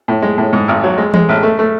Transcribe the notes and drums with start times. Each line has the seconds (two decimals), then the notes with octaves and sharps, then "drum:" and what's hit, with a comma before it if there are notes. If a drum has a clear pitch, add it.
0.08 A2
0.22 G#3
0.38 A2
0.53 G#2
0.68 G#1
0.84 F#3
0.98 G#3
1.14 G#3, drum: tom E3
1.29 A1
1.43 A3
1.59 A3